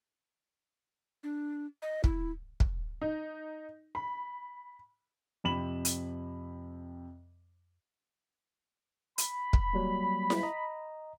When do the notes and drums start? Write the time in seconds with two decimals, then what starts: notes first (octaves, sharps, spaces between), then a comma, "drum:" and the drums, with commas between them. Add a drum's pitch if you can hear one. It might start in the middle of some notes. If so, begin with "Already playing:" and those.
1.23 D4
1.82 D#5
2.04 E4, drum: kick
2.60 drum: kick
3.01 D#4
3.95 B5
5.44 F2 C3 B5 E7 F#7
5.85 drum: hi-hat
9.18 B5, drum: hi-hat
9.53 drum: kick
9.73 F#3 G3 A#3
10.30 drum: snare E4
10.43 D#5 A#5